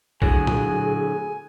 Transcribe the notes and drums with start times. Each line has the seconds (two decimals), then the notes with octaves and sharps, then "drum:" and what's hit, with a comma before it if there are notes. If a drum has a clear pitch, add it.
0.22 A2 D3 F#3 G#4 G#5, drum: kick B1
0.47 drum: tom A#2